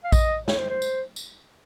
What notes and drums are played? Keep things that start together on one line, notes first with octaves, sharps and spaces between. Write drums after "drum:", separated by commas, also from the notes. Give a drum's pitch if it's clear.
F5
D#5, drum: kick A#1, tambourine
C#5, drum: snare
C5
C5
drum: tambourine
drum: tambourine